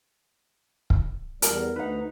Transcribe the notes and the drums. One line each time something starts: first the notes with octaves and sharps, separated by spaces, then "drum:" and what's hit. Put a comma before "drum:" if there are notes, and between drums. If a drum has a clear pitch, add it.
drum: kick
E2 G3 A#4, drum: hi-hat
D2 D#4 B4 F#5